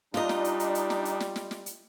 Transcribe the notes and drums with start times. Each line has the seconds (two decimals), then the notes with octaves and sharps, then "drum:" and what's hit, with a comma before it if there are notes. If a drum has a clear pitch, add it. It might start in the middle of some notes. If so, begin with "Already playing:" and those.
0.14 G3 D4 D#4 F4 D#5, drum: snare
0.29 drum: snare
0.44 drum: hi-hat
0.60 drum: hi-hat
0.75 drum: hi-hat
0.90 drum: snare
1.05 drum: hi-hat
1.20 drum: snare
1.36 drum: snare
1.51 drum: snare
1.66 drum: hi-hat